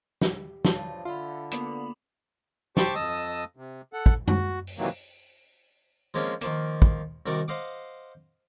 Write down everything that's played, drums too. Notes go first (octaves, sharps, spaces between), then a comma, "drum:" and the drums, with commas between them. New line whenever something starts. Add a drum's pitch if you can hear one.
G4, drum: snare
G2 F3 C#5 A5, drum: snare
D3 F4 E5 F5 B5
A#3 B3 B5, drum: hi-hat
G4 C5 A5 C#6 D6, drum: snare
F2 D#5 A5 D#6 E6
C3
A4 F#5
drum: kick
F#4, drum: tom F#2
drum: open hi-hat
C3 D#3 E3 F#3 A#3
F3 G#3 A#3 C4 C#4
D#3 F3 A#3, drum: hi-hat
drum: kick
C2 D#3 F#4 A#4 D5
C5 D#5 F5 F#5 D6